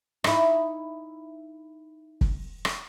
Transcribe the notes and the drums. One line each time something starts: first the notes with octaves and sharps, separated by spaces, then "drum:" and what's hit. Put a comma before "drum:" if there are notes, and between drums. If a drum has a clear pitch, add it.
D#4 E4, drum: rim click
drum: kick
drum: rim click